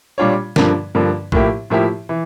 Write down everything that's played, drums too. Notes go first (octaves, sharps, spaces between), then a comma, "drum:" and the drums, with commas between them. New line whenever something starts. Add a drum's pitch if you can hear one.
A#2 G3 D4 F4 C#5
G2 D3 F3 A#3, drum: snare
G2 D3 F3 A#3
A2 F3 A#3 E4 G4, drum: kick A#1
A2 F3 A#3 E4 G4
E3